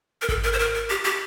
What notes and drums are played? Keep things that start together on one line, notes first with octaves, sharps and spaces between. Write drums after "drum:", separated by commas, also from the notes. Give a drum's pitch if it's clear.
A#4
A4, drum: kick G#1
A#4
C5
A#4
A#4
G4
G4